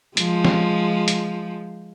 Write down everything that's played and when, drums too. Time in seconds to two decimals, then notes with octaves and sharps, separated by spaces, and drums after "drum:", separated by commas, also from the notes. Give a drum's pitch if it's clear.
0.17 F3 G#3, drum: hi-hat
0.45 drum: snare
1.08 drum: hi-hat